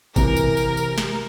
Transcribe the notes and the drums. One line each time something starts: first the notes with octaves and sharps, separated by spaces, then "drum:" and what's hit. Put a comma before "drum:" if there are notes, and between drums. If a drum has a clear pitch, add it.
C3 E3 A#4, drum: kick G1, tambourine
drum: tambourine
drum: tambourine
drum: tambourine
drum: snare